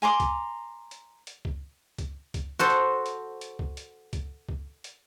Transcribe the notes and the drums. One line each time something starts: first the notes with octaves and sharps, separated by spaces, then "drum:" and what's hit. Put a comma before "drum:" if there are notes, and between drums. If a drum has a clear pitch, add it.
G#5 A#5 C6 D6
drum: kick, hi-hat
drum: hi-hat
drum: hi-hat
drum: kick
drum: kick, hi-hat
drum: kick, hi-hat
F#4 A4 C5
drum: hi-hat
drum: hi-hat
drum: hi-hat
drum: kick
drum: hi-hat
drum: kick, hi-hat
drum: kick
drum: hi-hat